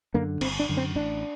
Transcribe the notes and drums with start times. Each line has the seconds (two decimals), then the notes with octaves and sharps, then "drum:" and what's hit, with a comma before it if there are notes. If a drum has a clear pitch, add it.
0.14 F#2 D3 A#3
0.41 G1 C4, drum: cymbal
0.59 D4
0.69 F#2 D3
0.77 C4
0.95 A1 D4